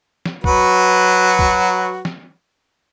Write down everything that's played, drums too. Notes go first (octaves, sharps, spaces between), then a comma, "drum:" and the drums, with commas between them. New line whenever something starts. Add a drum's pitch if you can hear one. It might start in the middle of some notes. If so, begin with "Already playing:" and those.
drum: snare
F#3 F#4 B4, drum: kick
drum: kick
drum: snare